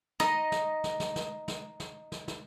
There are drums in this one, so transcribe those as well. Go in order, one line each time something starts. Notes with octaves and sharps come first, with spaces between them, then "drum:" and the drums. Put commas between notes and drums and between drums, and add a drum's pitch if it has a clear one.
D#4 D#5, drum: snare
drum: snare
drum: snare
drum: snare
drum: snare
drum: snare
drum: snare
drum: snare
drum: snare